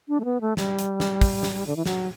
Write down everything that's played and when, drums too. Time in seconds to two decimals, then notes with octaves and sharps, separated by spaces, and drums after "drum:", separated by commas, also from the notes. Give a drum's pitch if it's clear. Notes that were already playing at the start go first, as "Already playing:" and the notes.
0.08 D4
0.20 A3
0.25 B3
0.41 A3
0.57 G3, drum: snare
0.79 drum: hi-hat
1.00 drum: snare
1.21 drum: kick, open hi-hat
1.43 drum: snare
1.67 D3
1.76 E3
1.86 F#3, drum: snare